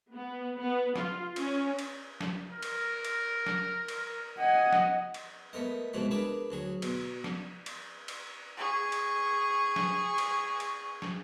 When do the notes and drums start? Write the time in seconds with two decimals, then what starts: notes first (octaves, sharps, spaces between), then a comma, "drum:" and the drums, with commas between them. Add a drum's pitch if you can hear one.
0.13 B3
0.58 B3
0.96 F4, drum: snare
1.36 C#4, drum: cymbal
1.79 drum: cymbal
2.21 drum: snare
2.52 A#4
2.63 drum: cymbal
3.05 drum: cymbal
3.46 drum: snare
3.88 drum: cymbal
4.39 D#5 F#5 G#5
4.72 drum: snare
5.14 drum: cymbal
5.53 A3 B3 A#4 D#5
5.93 C2 G#2 B2 F3 G#3 A3
6.11 D4 G#4 A#4 B4
6.51 D2 F#3 G#4
6.82 B2, drum: cymbal
7.24 drum: snare
7.66 drum: cymbal
8.08 drum: cymbal
8.57 G#4 C#6
8.92 drum: cymbal
9.76 drum: snare
10.18 drum: cymbal
10.60 drum: cymbal
11.02 drum: snare